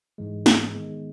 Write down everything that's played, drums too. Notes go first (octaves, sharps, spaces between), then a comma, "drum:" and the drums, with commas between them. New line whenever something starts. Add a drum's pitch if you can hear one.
G#2 E3 G#3
drum: snare
D#3 G#3 B3